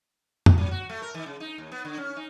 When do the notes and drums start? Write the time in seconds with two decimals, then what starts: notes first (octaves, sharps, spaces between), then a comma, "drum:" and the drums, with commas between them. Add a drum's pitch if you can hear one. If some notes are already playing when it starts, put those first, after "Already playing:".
0.46 drum: tom F2
0.58 F#3
0.71 F#4
0.89 A3
1.02 A#4
1.14 D#3
1.26 C#3
1.40 D#4
1.58 D#2
1.72 B3
1.85 D3
1.97 C#4
2.17 D#4